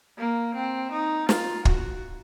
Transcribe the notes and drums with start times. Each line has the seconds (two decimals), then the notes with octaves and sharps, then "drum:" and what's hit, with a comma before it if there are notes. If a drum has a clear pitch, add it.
0.18 A#3
0.55 C4
0.92 D#4
1.29 F4, drum: snare
1.65 F#4, drum: kick